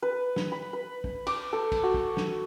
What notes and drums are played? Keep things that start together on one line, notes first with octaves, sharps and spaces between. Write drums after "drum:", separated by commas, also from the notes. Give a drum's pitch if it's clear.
B4
drum: snare
B5
B4
drum: kick
D6, drum: cymbal
A4
drum: kick, cymbal
F#4
drum: kick
drum: snare